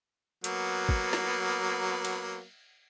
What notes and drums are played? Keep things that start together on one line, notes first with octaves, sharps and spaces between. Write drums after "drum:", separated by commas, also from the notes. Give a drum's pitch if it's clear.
F#3 A#3 B3, drum: hi-hat
drum: kick
drum: snare
drum: cymbal